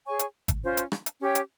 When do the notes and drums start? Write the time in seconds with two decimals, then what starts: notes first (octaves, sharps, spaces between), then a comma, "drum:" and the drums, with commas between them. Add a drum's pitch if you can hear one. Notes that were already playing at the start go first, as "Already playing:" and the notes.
0.05 G#4 C#5 G#5 C#6
0.19 drum: hi-hat
0.48 drum: kick, hi-hat
0.63 C#4 F4 C5
0.77 drum: hi-hat
0.92 drum: rim click
1.06 drum: hi-hat
1.20 C#4 G4 C#5 G5
1.35 drum: hi-hat